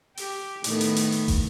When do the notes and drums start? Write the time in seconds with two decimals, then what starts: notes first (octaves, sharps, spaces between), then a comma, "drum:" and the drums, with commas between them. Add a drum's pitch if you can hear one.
0.17 G4, drum: open hi-hat
0.64 A2 D#3 B3, drum: hi-hat
0.81 drum: hi-hat
0.96 drum: hi-hat
1.12 drum: open hi-hat
1.28 drum: kick, open hi-hat